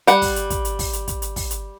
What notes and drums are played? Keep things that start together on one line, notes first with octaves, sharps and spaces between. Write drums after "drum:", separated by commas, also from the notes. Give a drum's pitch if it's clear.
G3 F#5, drum: hi-hat
drum: kick, open hi-hat
drum: hi-hat
drum: kick, hi-hat
drum: hi-hat
drum: kick, open hi-hat
drum: hi-hat
drum: kick, hi-hat
drum: hi-hat
drum: kick, open hi-hat
drum: hi-hat